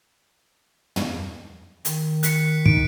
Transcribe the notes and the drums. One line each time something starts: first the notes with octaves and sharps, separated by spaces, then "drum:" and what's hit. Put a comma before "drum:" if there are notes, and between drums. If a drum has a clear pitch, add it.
drum: tom
D#3, drum: hi-hat
F#6 B6 C#7, drum: hi-hat
D#4 D7, drum: kick